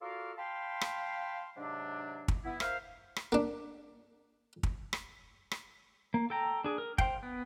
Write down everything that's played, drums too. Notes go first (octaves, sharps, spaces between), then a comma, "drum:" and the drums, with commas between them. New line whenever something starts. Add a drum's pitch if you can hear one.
F4 F#4 A4 A#4 D5 F5
F5 G5 A5 B5 C6
drum: rim click
G#2 C3 F#3 D4
drum: kick
B3 E4
A#4 C5 E5 F5, drum: rim click
drum: rim click
A#3 D4
drum: kick
drum: rim click
drum: rim click
A#3
A4 G5 A#5
D4 G#4
A#4
C5 F5 G5, drum: kick
B3